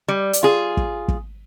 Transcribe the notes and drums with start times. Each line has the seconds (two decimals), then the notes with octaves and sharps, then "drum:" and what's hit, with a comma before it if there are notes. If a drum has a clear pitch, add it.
0.08 G3
0.33 drum: hi-hat
0.43 F4 G#4
0.77 drum: kick
1.08 drum: kick